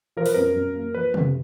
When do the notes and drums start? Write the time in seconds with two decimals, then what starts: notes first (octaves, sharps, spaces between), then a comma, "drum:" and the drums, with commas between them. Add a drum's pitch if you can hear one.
0.17 F3 A#4
0.26 B4, drum: open hi-hat
0.34 F#2 A#4
0.56 F#2
0.74 A#3
0.94 F3 B4
1.14 F#2, drum: tom C3